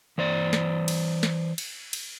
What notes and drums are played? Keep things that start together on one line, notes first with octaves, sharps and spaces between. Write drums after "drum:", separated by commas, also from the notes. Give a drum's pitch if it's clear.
E3 C5 D5
drum: snare
drum: cymbal
drum: snare
drum: cymbal
drum: cymbal